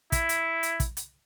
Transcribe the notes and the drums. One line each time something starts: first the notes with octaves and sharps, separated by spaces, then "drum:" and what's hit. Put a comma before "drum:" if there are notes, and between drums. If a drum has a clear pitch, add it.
E4, drum: kick, hi-hat
drum: hi-hat
drum: hi-hat
drum: kick, hi-hat
drum: hi-hat